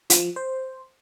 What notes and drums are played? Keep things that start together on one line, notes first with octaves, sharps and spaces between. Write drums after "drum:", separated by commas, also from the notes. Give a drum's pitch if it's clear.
F3, drum: hi-hat
C5